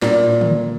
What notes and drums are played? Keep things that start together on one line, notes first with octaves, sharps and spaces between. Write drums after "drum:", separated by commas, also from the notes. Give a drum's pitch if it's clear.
A#2, drum: snare
drum: tom D3